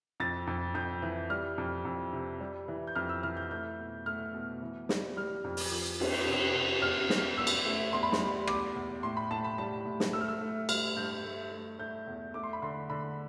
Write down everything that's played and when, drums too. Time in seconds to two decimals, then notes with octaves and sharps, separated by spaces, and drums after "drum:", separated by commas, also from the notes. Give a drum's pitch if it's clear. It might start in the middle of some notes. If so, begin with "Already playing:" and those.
0.20 F2 A6
0.47 F2
0.74 F2 G6
1.02 E3
1.30 G3 F6
1.58 F2
1.85 F2
2.13 C3
2.40 G3
2.68 E3
2.87 G6
2.95 F2 F6
3.09 E6
3.23 E3 F6
3.37 G6
3.51 A3 G6
3.79 B2
4.06 A3 F6
4.33 B2
4.62 E3
4.89 G3, drum: snare
5.16 G3 F6
5.44 F2
5.57 drum: open hi-hat
5.71 F3
6.00 E2, drum: cymbal
6.27 C3
6.55 C3
6.82 E2 F6
7.10 E2, drum: snare
7.37 E2 E6
7.47 drum: cymbal
7.65 A3
7.93 E2 C6
8.03 B5
8.12 C6, drum: snare
8.20 G3
8.47 E2 D6, drum: rim click
8.76 E2
9.03 A2 C6
9.17 B5
9.31 A2 A5
9.44 B5
9.58 G3 A5
9.86 A2
10.00 drum: snare
10.13 A3 E6
10.21 F6
10.28 E6
10.41 A3
10.69 G2 F6, drum: cymbal
10.97 G2 G6
11.24 A3
11.52 A3
11.79 A3 G6
12.07 E2
12.34 A3 D6
12.43 C6
12.53 B5
12.62 D3 C6
12.90 D3 B5